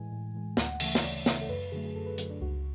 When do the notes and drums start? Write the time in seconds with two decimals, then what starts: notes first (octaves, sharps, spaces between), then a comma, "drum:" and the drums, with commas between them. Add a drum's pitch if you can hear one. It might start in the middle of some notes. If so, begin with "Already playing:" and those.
Already playing: A2 E3 G#3 G#5
0.12 A2
0.34 E3 G#3
0.57 D2 F#5, drum: snare
0.80 C#3 E3 A3 E5, drum: cymbal
0.95 C#5, drum: snare
1.03 D2 D5
1.26 C#3 E3 A3 C#5, drum: snare
1.41 A4
1.49 F#2 B4
1.72 D3 F#3 A3 G#4
1.85 G#4
1.95 F#2 A4
2.06 B4
2.18 D3 F#3 A3 B4, drum: hi-hat
2.30 D4
2.41 C#2 F#4